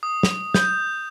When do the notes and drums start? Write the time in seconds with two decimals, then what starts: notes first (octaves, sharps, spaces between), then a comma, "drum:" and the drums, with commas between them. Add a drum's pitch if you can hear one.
0.03 D#6
0.23 drum: snare
0.54 G6, drum: snare